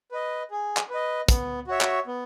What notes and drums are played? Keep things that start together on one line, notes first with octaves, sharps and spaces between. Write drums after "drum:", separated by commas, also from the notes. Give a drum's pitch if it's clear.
B4 D#5
G#4
drum: clap
B4 D#5
B3, drum: kick, hi-hat
F#4 C#5 E5
drum: clap
B3